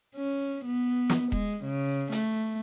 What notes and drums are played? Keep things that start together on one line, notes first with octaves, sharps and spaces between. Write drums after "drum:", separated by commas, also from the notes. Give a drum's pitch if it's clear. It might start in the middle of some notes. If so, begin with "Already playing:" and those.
C#4
B3
drum: snare
G#3, drum: kick E1
C#3
A3, drum: hi-hat